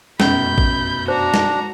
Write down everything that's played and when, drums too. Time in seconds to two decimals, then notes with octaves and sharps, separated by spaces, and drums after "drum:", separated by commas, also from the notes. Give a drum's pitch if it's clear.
0.20 F1 F#2 B2 C#4 B5 G6, drum: snare
0.58 drum: kick A1
1.08 D4 F#4 C5 A#5
1.34 drum: snare